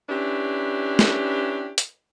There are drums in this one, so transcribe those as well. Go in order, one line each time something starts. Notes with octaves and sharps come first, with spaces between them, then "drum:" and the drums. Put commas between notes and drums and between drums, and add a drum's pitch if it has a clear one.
C#4 D4 E4 G4 B4
drum: snare
drum: hi-hat